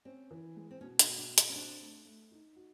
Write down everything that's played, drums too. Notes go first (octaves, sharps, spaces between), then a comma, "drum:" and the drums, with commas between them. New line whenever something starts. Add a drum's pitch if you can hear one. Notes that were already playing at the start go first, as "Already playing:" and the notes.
C4 C#4
E3
G#3
C4
B2 C#4
D4, drum: hi-hat
B2
D4
B2
D#4, drum: hi-hat
C#4
C4 D4
A3
A3
D#4
F#4